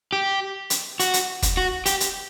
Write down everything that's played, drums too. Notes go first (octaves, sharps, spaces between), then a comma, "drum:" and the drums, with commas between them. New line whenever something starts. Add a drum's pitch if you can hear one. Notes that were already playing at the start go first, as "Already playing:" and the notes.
G4
drum: hi-hat
F#4, drum: hi-hat
drum: hi-hat
drum: kick, hi-hat
F#4
G4, drum: hi-hat
drum: hi-hat